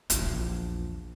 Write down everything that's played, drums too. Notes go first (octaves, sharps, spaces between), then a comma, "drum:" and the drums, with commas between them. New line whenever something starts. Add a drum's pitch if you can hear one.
A#1 E2, drum: hi-hat